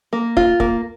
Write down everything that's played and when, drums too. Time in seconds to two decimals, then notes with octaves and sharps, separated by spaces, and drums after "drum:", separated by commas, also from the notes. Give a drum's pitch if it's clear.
0.13 A#3
0.37 F4, drum: kick
0.60 A#3, drum: kick